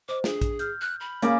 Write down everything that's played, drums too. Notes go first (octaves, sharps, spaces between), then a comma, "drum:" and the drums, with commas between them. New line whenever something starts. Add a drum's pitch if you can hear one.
C5 D#5 D6
D4 G#4, drum: snare
drum: kick A#1, hi-hat
F6 G6, drum: hi-hat
F#6
B5
C#3 A#3 D6, drum: hi-hat